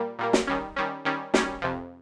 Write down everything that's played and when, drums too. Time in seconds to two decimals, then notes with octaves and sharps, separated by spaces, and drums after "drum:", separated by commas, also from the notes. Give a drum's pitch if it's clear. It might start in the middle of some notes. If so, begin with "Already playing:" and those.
Already playing: A#2 G3 A#3
0.19 A#2 G3 A#3
0.33 drum: snare
0.47 D#3 G3 C#4
0.76 D#3 G3 C#4
1.05 D#3 G3 C#4
1.34 D#3 G3 C#4, drum: snare
1.62 F2 C3 F3